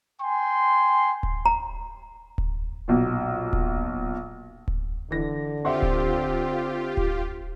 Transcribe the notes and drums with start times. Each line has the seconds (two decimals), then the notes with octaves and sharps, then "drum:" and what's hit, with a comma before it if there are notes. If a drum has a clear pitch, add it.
0.21 G5 G#5 C6
1.23 drum: kick D1
1.46 A#5
2.38 drum: kick D1
2.88 B1 A#2
3.53 drum: kick D1
4.68 drum: kick D1
5.11 D3 E3 A#6
5.65 C4 F4 G4 E5 F#5 C6
5.82 drum: kick D1
6.97 drum: kick D1